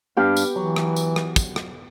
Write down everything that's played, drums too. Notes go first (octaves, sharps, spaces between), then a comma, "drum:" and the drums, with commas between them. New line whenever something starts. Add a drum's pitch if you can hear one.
G2 B3 D4 G4 B4 F5
drum: tambourine
E3 F#3
drum: rim click
drum: tambourine
drum: rim click
drum: kick, tambourine
drum: rim click